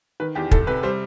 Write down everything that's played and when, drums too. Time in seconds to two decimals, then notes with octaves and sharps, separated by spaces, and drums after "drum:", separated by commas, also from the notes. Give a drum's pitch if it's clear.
0.20 D#3 B4
0.35 E2 G4
0.51 C2 A4, drum: kick
0.67 C3 B4
0.83 G3 C5